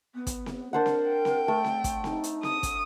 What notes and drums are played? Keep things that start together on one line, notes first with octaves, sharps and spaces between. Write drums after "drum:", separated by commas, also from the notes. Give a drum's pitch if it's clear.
B3
drum: kick, hi-hat
drum: snare C4
D4 A#4 C5 F#5
drum: snare C4
G5
drum: snare C4
A3
drum: snare C4
drum: kick, hi-hat
D#4, drum: snare C4
drum: hi-hat
D#6, drum: snare C4
drum: kick, hi-hat